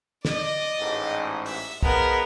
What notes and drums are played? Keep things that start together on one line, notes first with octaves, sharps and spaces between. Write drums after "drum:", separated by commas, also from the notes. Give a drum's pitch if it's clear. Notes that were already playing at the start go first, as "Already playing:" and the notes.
D5 D#5, drum: snare
A1 G#2
E5, drum: open hi-hat
F3 G#3 B3 A#4 B4, drum: kick